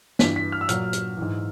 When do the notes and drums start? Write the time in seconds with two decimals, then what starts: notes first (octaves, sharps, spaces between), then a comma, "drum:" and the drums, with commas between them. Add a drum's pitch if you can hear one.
0.19 G2 E3 B6, drum: snare
0.36 B6
0.52 F6
0.61 E6
0.69 A#2 F#3 F6, drum: hi-hat
0.93 drum: hi-hat
1.17 G#2 E3